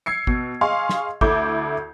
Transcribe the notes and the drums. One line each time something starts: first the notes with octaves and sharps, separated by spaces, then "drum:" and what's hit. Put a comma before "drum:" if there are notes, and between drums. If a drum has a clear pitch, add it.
E6 G#6 C7 C#7
B2, drum: kick
G#4 D#5 F5 C6 C#6
drum: snare
D2 A3 E4 D6 G6, drum: kick